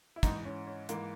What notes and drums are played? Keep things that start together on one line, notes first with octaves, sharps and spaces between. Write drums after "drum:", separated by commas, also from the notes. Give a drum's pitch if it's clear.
E4
G#2 E3 D#4, drum: kick, hi-hat
C#4
C#4
G#2 E3 A#3, drum: hi-hat